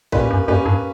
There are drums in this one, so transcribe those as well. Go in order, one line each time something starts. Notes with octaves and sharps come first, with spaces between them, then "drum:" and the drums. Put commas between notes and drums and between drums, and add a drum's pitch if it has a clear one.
A#2 A#3 C#4 G4 B4, drum: kick A#1
F#2
F#2 A#3 C#4 G4 B4
G2